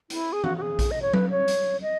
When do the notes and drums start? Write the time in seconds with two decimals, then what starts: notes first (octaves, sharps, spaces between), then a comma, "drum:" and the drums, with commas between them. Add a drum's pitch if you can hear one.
0.10 E4, drum: hi-hat
0.33 G#4
0.44 F#4, drum: tom E3
0.57 F#4
0.62 G#4
0.79 drum: kick A#1, hi-hat
0.91 D#5
1.02 C#5
1.14 B4, drum: tom F#3
1.30 C#5
1.48 drum: hi-hat
1.82 D#5